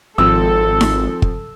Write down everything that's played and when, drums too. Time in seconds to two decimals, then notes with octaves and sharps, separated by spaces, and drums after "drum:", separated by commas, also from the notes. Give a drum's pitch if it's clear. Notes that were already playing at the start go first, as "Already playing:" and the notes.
0.18 G#1 F3 C4 A4 E6
0.81 drum: snare D#4
1.22 drum: kick